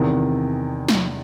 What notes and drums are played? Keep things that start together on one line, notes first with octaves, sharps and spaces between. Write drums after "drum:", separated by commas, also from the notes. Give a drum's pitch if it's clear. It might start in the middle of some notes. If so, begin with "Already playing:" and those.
Already playing: E2 C3 D#3
drum: snare